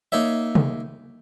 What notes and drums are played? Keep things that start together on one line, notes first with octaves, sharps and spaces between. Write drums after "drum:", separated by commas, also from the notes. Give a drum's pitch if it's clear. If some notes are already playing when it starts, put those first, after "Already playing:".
A#3 D#4 C#5 E5
drum: tom C3